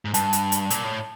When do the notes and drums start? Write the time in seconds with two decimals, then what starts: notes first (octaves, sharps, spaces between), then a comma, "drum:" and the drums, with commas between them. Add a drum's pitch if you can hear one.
0.05 G#2
0.14 G2 A5, drum: hi-hat
0.33 drum: hi-hat
0.52 drum: hi-hat
0.70 A#2, drum: hi-hat
0.84 A2